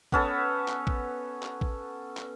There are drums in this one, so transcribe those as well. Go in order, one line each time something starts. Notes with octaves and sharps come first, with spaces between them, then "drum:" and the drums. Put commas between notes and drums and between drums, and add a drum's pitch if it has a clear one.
B3 C#4 A4, drum: kick
drum: clap
drum: kick
drum: clap
drum: kick
drum: clap